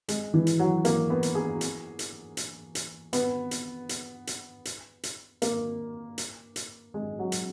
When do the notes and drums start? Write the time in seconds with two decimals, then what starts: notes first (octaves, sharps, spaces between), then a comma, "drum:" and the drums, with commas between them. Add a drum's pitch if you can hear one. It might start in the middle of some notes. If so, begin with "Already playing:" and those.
0.08 G#3, drum: hi-hat
0.34 E3
0.47 drum: hi-hat
0.59 F#3
0.85 A#3, drum: hi-hat
1.10 B3
1.23 drum: hi-hat
1.35 G#4
1.61 drum: hi-hat
1.99 drum: hi-hat
2.37 drum: hi-hat
2.75 drum: hi-hat
3.13 B3, drum: hi-hat
3.51 drum: hi-hat
3.89 drum: hi-hat
4.27 drum: hi-hat
4.65 drum: hi-hat
5.03 drum: hi-hat
5.42 A#3, drum: hi-hat
6.18 drum: hi-hat
6.56 drum: hi-hat
6.94 G#3
7.19 F#3
7.32 drum: hi-hat